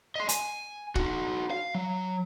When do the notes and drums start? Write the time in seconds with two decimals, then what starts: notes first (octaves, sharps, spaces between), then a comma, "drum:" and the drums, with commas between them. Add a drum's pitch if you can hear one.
0.16 D#5 C6
0.29 G#5, drum: hi-hat
0.95 D#4 F#4, drum: kick
1.51 F5
1.75 F#3